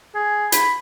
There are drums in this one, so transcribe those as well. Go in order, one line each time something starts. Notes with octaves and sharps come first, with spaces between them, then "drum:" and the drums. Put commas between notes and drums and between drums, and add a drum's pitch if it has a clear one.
G#4
B5, drum: hi-hat